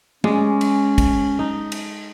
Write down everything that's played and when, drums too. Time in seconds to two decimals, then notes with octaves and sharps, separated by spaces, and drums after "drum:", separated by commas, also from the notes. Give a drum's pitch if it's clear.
0.24 G#3 C#4 D5, drum: tom
0.61 drum: cymbal
0.98 drum: kick, cymbal
1.39 D#4
1.72 drum: cymbal